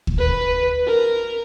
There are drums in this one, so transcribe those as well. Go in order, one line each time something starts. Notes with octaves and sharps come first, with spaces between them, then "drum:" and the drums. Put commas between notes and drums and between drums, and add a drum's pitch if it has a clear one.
drum: kick
B4
A#4